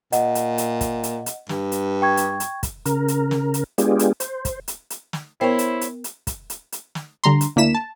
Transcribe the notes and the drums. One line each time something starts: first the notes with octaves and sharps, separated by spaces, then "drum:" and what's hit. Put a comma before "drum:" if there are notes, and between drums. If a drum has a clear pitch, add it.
A#2 D#5 F#5, drum: hi-hat
drum: hi-hat
drum: hi-hat
drum: kick, hi-hat
drum: hi-hat
drum: hi-hat
G2, drum: snare
drum: hi-hat
G5 C#6 G#6
drum: hi-hat
drum: hi-hat
drum: kick, hi-hat
C#3 A#4, drum: hi-hat
drum: hi-hat
drum: snare
drum: hi-hat
G#3 B3 D4 F4 G4 G#4, drum: hi-hat
drum: hi-hat
C5, drum: hi-hat
drum: kick, hi-hat
drum: hi-hat
drum: hi-hat
drum: snare
B3 E4 A#4 C5 C#5 G5
drum: hi-hat
drum: hi-hat
drum: hi-hat
drum: kick, hi-hat
drum: hi-hat
drum: hi-hat
drum: snare
D3 G3 A#5 C6
drum: hi-hat
D2 A#3 D4 E4 B6 E7
A5